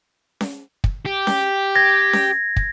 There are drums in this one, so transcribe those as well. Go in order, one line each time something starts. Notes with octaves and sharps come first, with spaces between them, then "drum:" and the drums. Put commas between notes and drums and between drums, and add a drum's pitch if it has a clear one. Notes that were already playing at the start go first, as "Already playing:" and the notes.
drum: snare C#4
drum: kick
G4
drum: snare C#4
G#6 A#6
drum: snare C#4
drum: kick